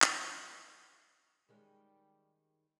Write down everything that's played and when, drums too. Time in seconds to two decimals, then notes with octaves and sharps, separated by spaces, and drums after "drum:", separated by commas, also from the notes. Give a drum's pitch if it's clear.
0.02 drum: clap
1.49 D#3 G3 G#3 C#4